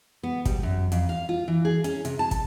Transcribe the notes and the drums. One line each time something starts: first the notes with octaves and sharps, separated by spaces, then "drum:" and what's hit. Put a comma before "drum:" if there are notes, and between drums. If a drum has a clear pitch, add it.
B3
G3, drum: kick, hi-hat
F#2
F2, drum: hi-hat
F5
F4
E3
G#4
C#4, drum: hi-hat
C3, drum: hi-hat
A5
drum: kick, hi-hat